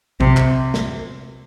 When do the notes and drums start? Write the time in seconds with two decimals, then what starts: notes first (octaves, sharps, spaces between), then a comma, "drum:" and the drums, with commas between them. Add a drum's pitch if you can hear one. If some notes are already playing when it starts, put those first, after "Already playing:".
0.21 C3, drum: kick
0.37 drum: clap
0.74 drum: snare